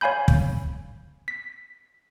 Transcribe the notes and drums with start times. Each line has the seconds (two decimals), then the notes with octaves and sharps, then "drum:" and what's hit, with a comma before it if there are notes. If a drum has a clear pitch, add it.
0.01 C#5 F5 G#5 B5 G6
0.28 drum: kick
1.28 B6